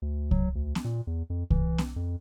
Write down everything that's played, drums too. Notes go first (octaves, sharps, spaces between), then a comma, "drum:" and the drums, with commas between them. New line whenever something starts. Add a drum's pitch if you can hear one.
D2
F#3, drum: kick C2
D2
drum: snare B3
A#2
E2
F2
E3, drum: kick C2
drum: snare B3
F2